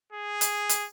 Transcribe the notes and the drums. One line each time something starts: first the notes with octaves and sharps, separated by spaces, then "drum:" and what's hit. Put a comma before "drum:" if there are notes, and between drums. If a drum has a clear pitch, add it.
G#4
drum: hi-hat
drum: hi-hat